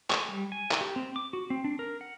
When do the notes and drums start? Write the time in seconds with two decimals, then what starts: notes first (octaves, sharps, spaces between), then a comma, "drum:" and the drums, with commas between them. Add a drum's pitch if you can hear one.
0.10 C#6, drum: clap
0.29 G3
0.52 G#5
0.71 drum: clap
0.81 G4
0.96 C4
1.16 D6
1.33 F#4
1.50 C4
1.64 D4
1.79 A#4
2.01 F#5